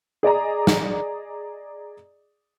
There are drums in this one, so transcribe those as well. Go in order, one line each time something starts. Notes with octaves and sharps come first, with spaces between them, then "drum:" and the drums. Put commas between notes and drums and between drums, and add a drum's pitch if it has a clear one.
G#4 D5 D#5 A#5
drum: snare